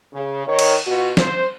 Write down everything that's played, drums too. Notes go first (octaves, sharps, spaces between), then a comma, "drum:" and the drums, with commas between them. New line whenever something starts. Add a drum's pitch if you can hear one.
C#3
D#3 C#5
drum: cymbal
B2 F4 F#4
C5, drum: snare